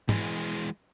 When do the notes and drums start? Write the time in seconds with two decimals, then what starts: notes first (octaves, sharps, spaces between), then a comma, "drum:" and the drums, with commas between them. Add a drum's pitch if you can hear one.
0.09 E3 G#3, drum: tom G#2